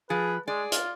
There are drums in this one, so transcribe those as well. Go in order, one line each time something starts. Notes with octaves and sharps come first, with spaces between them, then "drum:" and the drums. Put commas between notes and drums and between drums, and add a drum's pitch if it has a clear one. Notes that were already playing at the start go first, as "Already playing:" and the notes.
F3 G#4 B4
G#3 G#4 D5
F4, drum: hi-hat